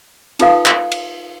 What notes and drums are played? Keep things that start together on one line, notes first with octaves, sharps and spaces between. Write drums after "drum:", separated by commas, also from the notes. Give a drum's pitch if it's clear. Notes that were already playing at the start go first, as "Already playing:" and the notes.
D#4 F4 A4 B4 F5 D#6, drum: cymbal
drum: clap
drum: cymbal